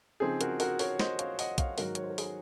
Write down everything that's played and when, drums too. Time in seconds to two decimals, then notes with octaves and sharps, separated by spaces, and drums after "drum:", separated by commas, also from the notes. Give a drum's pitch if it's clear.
0.20 C#3 F3 C4 D#4 G#4
0.41 F#4 A#4, drum: hi-hat
0.60 F#4 A#4, drum: open hi-hat
0.79 A#4 C#5, drum: open hi-hat
1.00 C5 D#5, drum: snare
1.19 C#5 F5, drum: hi-hat
1.39 D#5 F#5, drum: open hi-hat
1.58 C#5 F5, drum: kick, hi-hat
1.78 G#2 D#3 F#3 F#4 A#4, drum: open hi-hat
1.95 C#5, drum: hi-hat
2.03 C5
2.10 A#4
2.18 G#4, drum: open hi-hat